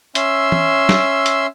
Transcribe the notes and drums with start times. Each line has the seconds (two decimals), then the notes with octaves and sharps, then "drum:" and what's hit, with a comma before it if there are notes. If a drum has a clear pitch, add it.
0.15 C#4 E5 C6 E6, drum: hi-hat
0.52 drum: tom E3
0.89 drum: snare
1.26 drum: hi-hat